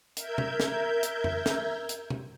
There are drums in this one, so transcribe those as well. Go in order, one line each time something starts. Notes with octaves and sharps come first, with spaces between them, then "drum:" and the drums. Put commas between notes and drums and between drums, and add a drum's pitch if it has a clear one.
A#4 E5 G6 G#6, drum: hi-hat
drum: tom
drum: snare
drum: hi-hat
drum: tom F2
drum: snare
drum: hi-hat
drum: tom